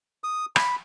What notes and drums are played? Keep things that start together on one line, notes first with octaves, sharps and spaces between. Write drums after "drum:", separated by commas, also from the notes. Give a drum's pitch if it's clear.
D#6
B5, drum: rim click